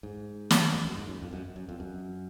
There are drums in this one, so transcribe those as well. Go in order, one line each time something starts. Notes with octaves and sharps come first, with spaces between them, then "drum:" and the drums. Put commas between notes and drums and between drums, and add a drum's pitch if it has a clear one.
G#2
drum: snare
F#2
F#2
G#2
F#2
F2
F#2
F#2
F2
F#2